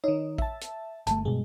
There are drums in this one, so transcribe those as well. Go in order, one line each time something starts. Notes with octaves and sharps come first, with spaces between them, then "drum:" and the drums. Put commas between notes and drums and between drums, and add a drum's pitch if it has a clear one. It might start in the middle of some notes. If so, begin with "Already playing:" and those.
D#3 D#4 C#5
E5 A5, drum: kick A1
drum: hi-hat
G1 A3 A5, drum: hi-hat
G2 B2 G#3